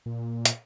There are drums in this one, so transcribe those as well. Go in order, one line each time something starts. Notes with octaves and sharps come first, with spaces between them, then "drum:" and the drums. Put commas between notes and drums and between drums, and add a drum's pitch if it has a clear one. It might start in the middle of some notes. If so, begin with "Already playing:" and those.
A#2
drum: hi-hat